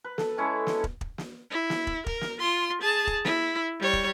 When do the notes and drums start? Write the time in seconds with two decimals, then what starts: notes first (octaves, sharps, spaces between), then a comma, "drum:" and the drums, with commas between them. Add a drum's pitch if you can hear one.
0.04 B4
0.18 A4, drum: snare
0.38 G#3 C#4 E4
0.67 drum: snare
0.84 drum: kick
1.01 drum: kick
1.18 drum: snare
1.51 E4
1.70 drum: snare
1.87 drum: kick
2.06 A#4, drum: kick
2.21 drum: snare
2.39 F4 C6
2.82 G#4 A5
3.07 drum: kick
3.25 E4, drum: snare
3.79 G3 C#5
3.93 drum: kick